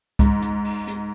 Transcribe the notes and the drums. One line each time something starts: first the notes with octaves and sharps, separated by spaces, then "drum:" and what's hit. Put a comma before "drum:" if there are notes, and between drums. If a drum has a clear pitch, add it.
G#2, drum: kick C2, hi-hat
drum: hi-hat
drum: open hi-hat
drum: hi-hat